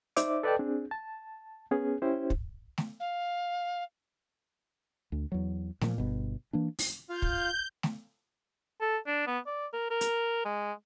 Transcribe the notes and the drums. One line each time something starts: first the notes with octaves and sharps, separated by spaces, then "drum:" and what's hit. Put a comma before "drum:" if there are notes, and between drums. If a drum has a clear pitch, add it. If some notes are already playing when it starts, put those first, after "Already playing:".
D#4 C5 D5 E5 D6, drum: hi-hat
A4 B4 D5 D#5 G5 A5
C4 D4 G#4
A5
B3 C#4 G#4
C#4 E4 G4 C5
drum: kick
drum: snare A3
F5
D2
E2 F#3
A#2 D3 F3, drum: snare A3
G1 B2
E3 A#3 D4
drum: open hi-hat
F4 F5 G6
drum: kick
drum: snare A3
A4
D4
B3
D5
A#4
A#4
drum: hi-hat
G#3